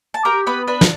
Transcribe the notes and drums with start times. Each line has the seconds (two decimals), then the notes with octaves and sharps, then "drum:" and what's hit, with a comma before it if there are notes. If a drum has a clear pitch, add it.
0.14 A5
0.25 G4 A#4 A#5
0.46 B3 B4 B5
0.67 D4 B4 B5
0.81 drum: snare